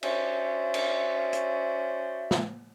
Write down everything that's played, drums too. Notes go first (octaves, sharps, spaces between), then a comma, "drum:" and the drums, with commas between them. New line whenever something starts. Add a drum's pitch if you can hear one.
C#4 F#4 C5 D5 E5, drum: cymbal
drum: cymbal
drum: hi-hat
drum: snare